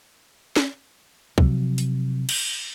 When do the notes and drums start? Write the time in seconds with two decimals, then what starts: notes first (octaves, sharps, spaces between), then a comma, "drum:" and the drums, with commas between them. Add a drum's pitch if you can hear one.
0.56 drum: snare
1.38 C3 F3 F#3, drum: kick C2
1.78 drum: open hi-hat
2.29 drum: cymbal